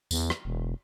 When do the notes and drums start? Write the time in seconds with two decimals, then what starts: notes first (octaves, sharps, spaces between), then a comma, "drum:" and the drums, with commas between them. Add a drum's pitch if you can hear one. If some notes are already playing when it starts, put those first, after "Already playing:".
0.11 E2, drum: tambourine
0.30 drum: rim click
0.45 E1